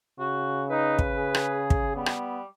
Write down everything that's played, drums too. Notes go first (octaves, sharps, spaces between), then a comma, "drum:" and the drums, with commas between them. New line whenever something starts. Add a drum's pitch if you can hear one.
C#3 F#4
D#4 B4
drum: kick
G#4
drum: rim click
drum: kick
G3 B3
drum: rim click